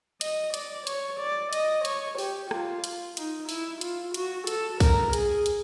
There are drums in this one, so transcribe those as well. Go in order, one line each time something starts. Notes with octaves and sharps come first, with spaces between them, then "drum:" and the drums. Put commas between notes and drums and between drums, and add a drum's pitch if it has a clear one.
D#5, drum: hi-hat
D5, drum: hi-hat
C#5, drum: hi-hat
D5
D#5, drum: hi-hat
C#5, drum: hi-hat
G4, drum: open hi-hat
F4, drum: rim click
drum: hi-hat
D#4, drum: hi-hat
E4, drum: open hi-hat
F4, drum: hi-hat
F#4, drum: hi-hat
A4, drum: hi-hat
A#4, drum: kick B1, open hi-hat
G#4, drum: hi-hat
drum: hi-hat